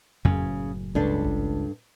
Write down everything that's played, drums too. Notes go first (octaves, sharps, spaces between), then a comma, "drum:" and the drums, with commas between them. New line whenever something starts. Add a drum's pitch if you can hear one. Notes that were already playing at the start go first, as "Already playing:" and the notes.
F#1 A2 C#3 F#3, drum: tom F2
C#2 G2 D4 A4
drum: kick G#1